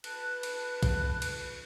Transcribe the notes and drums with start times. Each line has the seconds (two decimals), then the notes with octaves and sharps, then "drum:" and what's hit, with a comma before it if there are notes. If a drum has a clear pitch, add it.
0.04 B4 A5 F#6, drum: cymbal
0.43 drum: cymbal
0.83 drum: kick, cymbal
1.22 drum: cymbal